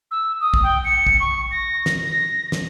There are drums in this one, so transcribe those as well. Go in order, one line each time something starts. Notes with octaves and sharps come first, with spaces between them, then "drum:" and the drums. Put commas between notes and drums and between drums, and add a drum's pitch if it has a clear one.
E6
D#6
drum: kick
G5
C#7
drum: kick
C#6
A#6
drum: snare
A#6
drum: snare